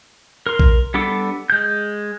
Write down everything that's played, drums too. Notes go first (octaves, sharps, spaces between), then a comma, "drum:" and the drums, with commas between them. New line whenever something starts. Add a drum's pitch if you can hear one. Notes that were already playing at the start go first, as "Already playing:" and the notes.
A#4 C6
drum: kick A#1
G3 B3 D4 A4 D6
G#3 G6